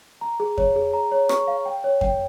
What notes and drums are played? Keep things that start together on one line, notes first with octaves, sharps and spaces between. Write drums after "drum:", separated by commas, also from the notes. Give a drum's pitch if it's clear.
A#5
G#4
C#5, drum: kick F2
G#4
A#5
C#5
C#6, drum: rim click
F5
G5
C#5
G5, drum: kick F2